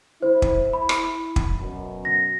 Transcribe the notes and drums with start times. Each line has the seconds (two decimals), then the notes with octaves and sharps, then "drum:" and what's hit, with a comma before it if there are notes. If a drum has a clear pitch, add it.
0.22 E4 C5
0.42 drum: kick
0.73 B5
0.89 drum: rim click
1.36 drum: kick
1.59 F#2 B2
2.05 A#6